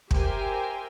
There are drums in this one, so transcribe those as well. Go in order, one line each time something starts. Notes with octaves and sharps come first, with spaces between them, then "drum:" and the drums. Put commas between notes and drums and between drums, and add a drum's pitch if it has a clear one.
G4 A#4 C5 E5 G5 G#5, drum: kick